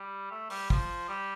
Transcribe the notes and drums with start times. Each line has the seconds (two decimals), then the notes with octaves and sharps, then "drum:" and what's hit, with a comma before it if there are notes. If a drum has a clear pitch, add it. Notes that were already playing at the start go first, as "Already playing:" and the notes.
Already playing: G3
0.31 A3
0.50 G3, drum: open hi-hat
0.70 F3, drum: kick
1.09 G3